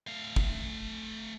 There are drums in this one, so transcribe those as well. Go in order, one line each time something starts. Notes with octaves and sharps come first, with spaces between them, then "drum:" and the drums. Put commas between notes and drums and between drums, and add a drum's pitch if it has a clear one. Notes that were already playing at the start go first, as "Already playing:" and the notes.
A3 F5
drum: kick